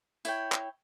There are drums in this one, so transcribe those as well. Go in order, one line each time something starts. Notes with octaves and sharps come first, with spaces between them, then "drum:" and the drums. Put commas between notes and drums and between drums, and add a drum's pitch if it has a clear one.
E4 C#5 G5, drum: tambourine
drum: clap